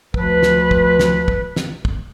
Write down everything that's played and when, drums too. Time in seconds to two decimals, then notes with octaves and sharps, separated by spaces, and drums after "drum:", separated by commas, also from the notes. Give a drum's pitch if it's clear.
0.14 D2 F3 B4, drum: kick
0.43 drum: snare
0.71 drum: kick
1.00 drum: snare
1.28 drum: kick
1.56 drum: snare
1.85 drum: kick